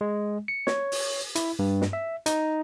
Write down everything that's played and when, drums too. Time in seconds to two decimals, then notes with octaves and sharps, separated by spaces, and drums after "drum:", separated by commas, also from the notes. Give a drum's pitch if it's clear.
0.01 G#3
0.48 C#7
0.67 C#5, drum: snare
0.92 drum: open hi-hat
1.35 E4, drum: hi-hat
1.59 G2
1.81 drum: snare
1.93 E5
2.26 D#4, drum: hi-hat